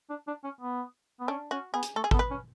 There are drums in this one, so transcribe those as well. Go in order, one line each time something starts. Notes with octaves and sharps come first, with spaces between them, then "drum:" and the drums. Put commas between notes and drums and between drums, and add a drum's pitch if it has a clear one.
D4
D4
C#4
B3
B3
C#4 D4
C#4 F#4
B3 G#4
drum: hi-hat
A3 A4
G#4
B3 A4, drum: kick G#1
B4
C#4